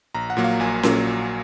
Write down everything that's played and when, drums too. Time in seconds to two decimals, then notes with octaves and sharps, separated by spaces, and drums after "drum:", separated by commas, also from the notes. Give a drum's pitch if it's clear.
0.14 A#1 A#5
0.30 F#5
0.37 A#2 F#3 A#3
0.44 F5
0.60 A#1 G#5
0.83 A#2 F#3 A#3, drum: snare C#4